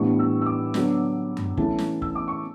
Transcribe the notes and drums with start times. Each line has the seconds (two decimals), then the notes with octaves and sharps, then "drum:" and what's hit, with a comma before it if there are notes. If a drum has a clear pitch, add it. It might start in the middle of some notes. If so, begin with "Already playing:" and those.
Already playing: A2 E3 G3 B3 D4 C#6
0.19 E6
0.41 E6
0.46 D6
0.74 D3 F#3 B3 D4, drum: snare
1.37 drum: tom F#2
1.57 E3 A3 C#4 A5, drum: kick
1.78 drum: snare
2.02 E6, drum: kick
2.15 D6
2.28 C#6